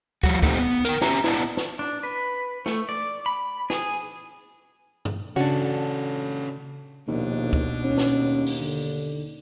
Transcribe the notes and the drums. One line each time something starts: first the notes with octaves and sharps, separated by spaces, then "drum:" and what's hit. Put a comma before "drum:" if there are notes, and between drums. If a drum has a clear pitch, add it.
F3 G3 F#4, drum: kick
A#2 A3 C4 D#4 F4 G4, drum: kick
B3
A#4 G5, drum: hi-hat
C#4 G4 E5 A#5, drum: snare
B3 D4 E4, drum: snare
drum: snare
D4
B4
A3, drum: snare
D5
B5
G#4, drum: snare
drum: tom G2
C#3 C#4 D4 F#4 A4
A#1 D#2 B2 D4
drum: kick
D#2 C#4
drum: snare
drum: open hi-hat
D3